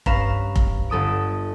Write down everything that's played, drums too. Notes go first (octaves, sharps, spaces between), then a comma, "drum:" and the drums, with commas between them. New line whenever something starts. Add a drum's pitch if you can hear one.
G2 C#4 B4 F5 A#5 E7, drum: kick F1
drum: kick F1
G1 A4 D#6 D7